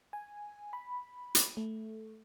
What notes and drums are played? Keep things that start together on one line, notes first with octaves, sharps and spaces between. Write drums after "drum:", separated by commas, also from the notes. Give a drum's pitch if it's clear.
G#5
B5
drum: hi-hat
A3